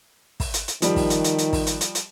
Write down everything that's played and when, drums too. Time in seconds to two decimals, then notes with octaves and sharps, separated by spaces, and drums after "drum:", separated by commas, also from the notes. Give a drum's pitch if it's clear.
0.40 drum: kick, open hi-hat
0.54 drum: hi-hat
0.68 drum: hi-hat
0.82 D#3 F3 G3, drum: hi-hat
0.96 drum: kick, open hi-hat
1.10 drum: hi-hat
1.24 drum: hi-hat
1.39 drum: hi-hat
1.53 drum: kick, open hi-hat
1.67 drum: hi-hat
1.81 drum: hi-hat
1.95 drum: hi-hat